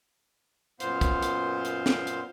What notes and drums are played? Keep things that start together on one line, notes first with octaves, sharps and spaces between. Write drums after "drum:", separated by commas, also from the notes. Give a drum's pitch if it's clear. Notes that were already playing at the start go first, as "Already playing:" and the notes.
F#2 A#2 B3 C5 F5 C6, drum: hi-hat
drum: kick, hi-hat
drum: hi-hat
drum: hi-hat
drum: snare
drum: hi-hat